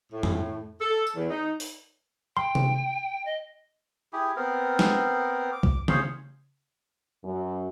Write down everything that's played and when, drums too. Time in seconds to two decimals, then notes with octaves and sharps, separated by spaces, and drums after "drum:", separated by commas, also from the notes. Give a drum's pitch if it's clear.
0.13 A2
0.23 drum: tom F2
0.81 A4
1.07 drum: tambourine
1.16 E2
1.30 D#4
1.60 drum: open hi-hat
2.37 G5 C6
2.55 drum: tom C3
3.25 D#5
4.13 E4 G4 G#4
4.36 B3 C4 A#4
4.79 drum: snare
5.52 D6
5.63 drum: kick C2
5.88 G#4 C5 C#5 F5, drum: tom C#3
7.24 F#2